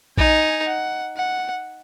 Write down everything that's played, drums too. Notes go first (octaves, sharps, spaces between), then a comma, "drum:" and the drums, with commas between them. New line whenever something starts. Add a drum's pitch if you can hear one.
D#4 G#5, drum: kick A#1
F#5
F#5